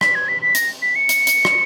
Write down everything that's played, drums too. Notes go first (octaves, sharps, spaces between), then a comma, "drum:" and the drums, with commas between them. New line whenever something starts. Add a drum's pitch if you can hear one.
B6, drum: rim click
G#6
B6
B6
A#6, drum: hi-hat
B6
C#7
drum: hi-hat
drum: hi-hat
drum: rim click